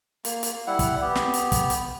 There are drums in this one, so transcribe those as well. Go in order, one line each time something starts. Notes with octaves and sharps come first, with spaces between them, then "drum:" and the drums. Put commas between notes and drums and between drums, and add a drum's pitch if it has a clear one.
A#3, drum: hi-hat
drum: hi-hat
G3 E4 F#5
drum: kick, hi-hat
B3 G4
drum: snare
drum: hi-hat
drum: kick, hi-hat
drum: hi-hat